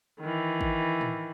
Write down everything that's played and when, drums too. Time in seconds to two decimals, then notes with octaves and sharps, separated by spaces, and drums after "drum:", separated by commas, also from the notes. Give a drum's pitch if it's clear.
0.20 D#3 E3
0.61 drum: kick
1.01 drum: tom A2